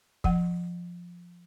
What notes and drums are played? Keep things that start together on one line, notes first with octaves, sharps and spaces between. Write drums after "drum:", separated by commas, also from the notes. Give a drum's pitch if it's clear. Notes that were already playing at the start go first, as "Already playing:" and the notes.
F3 F#5, drum: kick